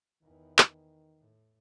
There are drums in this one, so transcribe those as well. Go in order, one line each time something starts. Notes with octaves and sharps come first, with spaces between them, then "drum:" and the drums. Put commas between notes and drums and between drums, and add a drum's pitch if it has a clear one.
E2 D#3 E3
drum: clap
A2